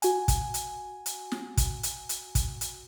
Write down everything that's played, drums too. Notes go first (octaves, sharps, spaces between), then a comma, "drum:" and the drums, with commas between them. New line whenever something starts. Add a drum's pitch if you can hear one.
F#4 G#5, drum: hi-hat
drum: kick, hi-hat
drum: hi-hat
drum: hi-hat
drum: snare
drum: kick, hi-hat
drum: hi-hat
drum: hi-hat
drum: kick, hi-hat
drum: hi-hat